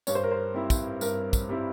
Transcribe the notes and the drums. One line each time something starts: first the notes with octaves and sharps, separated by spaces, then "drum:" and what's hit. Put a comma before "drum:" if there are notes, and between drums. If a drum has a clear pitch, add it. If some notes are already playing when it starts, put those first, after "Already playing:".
G2 C#5, drum: tambourine
C5
A#4
C5
G3 C4 E4
drum: kick, tambourine
G2 A#4, drum: tambourine
drum: kick, tambourine
G3 C4 E4